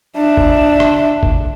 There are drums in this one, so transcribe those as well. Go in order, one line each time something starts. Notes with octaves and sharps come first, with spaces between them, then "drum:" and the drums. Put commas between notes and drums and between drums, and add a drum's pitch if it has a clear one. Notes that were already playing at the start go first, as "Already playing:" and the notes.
D4 E5
drum: kick G1
drum: rim click
drum: kick G1